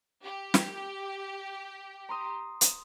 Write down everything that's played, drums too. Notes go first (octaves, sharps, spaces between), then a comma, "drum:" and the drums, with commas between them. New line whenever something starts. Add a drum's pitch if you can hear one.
G4
drum: snare
A#5 C6 D#6
drum: hi-hat